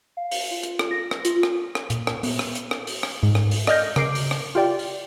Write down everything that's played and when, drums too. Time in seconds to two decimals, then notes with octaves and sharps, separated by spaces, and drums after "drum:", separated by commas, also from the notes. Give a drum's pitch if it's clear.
0.17 F5
0.31 drum: open hi-hat
0.51 F4
0.63 drum: hi-hat
0.79 drum: rim click
0.91 A#6
1.11 drum: rim click
1.25 F4, drum: hi-hat
1.43 drum: rim click
1.75 drum: rim click
1.90 A#2, drum: hi-hat
2.07 drum: rim click
2.23 B3, drum: open hi-hat
2.39 drum: rim click
2.55 drum: hi-hat
2.71 drum: rim click
2.87 drum: open hi-hat
3.03 drum: rim click
3.23 G#2
3.35 drum: rim click
3.51 drum: open hi-hat
3.67 D5 D#5 F6 G6 A#6, drum: rim click
3.96 C#3 A#4 D6 C7 D7, drum: rim click
4.15 drum: open hi-hat
4.31 drum: rim click
4.55 F4 G4 D5 G5
4.79 drum: open hi-hat